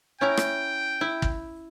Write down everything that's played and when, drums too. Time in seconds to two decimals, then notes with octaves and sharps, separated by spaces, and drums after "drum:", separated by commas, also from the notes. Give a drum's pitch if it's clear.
0.21 C#4 E4 G5 A#5
0.37 drum: rim click
1.01 E4
1.22 drum: kick